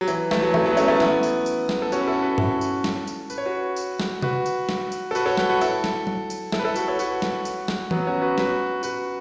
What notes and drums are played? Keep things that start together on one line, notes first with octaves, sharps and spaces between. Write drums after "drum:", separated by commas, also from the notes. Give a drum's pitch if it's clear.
F#3
E3, drum: tambourine
E3 A3, drum: snare
F#3
E3 A3, drum: tom E3
F#3 B3
A3 C#4, drum: tambourine
A3 C#4
B3 E4, drum: snare
drum: tambourine
drum: tambourine
drum: snare
A4
C#4 F#4, drum: tambourine
B4
E4 A4
F#4 B4
E4 A4, drum: tom G2
drum: tambourine
drum: snare
drum: tambourine
B4, drum: tambourine
C#5
F#4 B4
drum: tambourine
drum: snare
F#4 B4, drum: tom C3
drum: tambourine
drum: snare
drum: tambourine
A4
F#4 B4, drum: tambourine
A4 C#5
F#4 B4, drum: snare
F#4 B4
E4 A4, drum: tambourine
drum: snare
drum: tom F#3
drum: tambourine
E4 A4, drum: snare
B4
E4 A4
F#4 B4, drum: tambourine
A4 C#5
F#4 B4, drum: tambourine
drum: snare
drum: tambourine
drum: snare
F#3 B3, drum: tom E3
C#4 F#4
F#4 B4
F#4 B4, drum: snare
F#4 B4, drum: tambourine